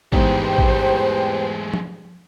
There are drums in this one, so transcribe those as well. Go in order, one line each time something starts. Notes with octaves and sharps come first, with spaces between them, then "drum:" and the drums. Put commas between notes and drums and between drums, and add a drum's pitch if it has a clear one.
E2 G#2 G#3 A3 G4 B4 C5 G5, drum: kick A1
drum: kick A1
drum: tom F3